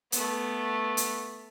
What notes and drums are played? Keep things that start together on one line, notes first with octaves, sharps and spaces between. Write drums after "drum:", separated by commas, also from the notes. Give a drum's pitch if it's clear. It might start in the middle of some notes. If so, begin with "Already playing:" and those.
A3 B3, drum: hi-hat
drum: hi-hat